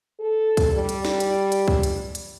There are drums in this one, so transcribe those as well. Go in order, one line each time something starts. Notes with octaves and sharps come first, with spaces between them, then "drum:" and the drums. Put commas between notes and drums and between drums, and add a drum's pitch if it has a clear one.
A4
drum: kick C#2, hi-hat
G3
drum: hi-hat
drum: snare
drum: hi-hat
drum: hi-hat
drum: kick C#2
drum: hi-hat
drum: hi-hat